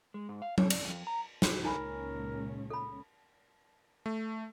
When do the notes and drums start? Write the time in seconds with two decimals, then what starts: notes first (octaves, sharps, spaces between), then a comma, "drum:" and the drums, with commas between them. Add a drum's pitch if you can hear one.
0.14 G#3
0.29 G#2
0.42 F5
0.58 C#5, drum: tom F#3
0.70 D5, drum: cymbal
0.85 F2
1.07 A#5
1.42 drum: snare
1.64 C#2 A#2 C#4 D#4 A#4 G#5 B5
2.70 A4 B5
4.06 A3